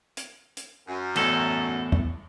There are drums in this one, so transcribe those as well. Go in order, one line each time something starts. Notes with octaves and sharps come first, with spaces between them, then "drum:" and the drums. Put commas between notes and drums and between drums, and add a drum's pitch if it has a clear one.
drum: hi-hat
drum: hi-hat
F#2
E2 A2 A4, drum: cymbal
drum: tom E2